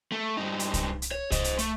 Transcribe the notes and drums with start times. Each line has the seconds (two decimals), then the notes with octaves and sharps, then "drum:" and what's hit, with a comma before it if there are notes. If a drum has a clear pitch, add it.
0.12 A3
0.37 G2 D#4
0.59 drum: hi-hat
0.74 drum: kick C2, hi-hat
1.02 drum: hi-hat
1.11 C#5
1.32 C5 D#5, drum: kick C2, hi-hat
1.44 drum: hi-hat
1.58 A3, drum: hi-hat